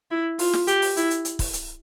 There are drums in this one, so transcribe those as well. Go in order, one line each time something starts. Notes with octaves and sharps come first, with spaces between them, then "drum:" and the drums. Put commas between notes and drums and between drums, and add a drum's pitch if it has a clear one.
E4
F4, drum: open hi-hat
drum: snare
G4, drum: hi-hat
drum: open hi-hat
E4, drum: hi-hat
drum: hi-hat
drum: hi-hat
drum: kick, open hi-hat
drum: hi-hat